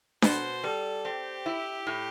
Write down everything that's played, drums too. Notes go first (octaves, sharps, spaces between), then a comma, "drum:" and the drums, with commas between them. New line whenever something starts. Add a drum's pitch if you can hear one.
B2 C5, drum: snare D4
G3 A4
C4 G4
E4
A2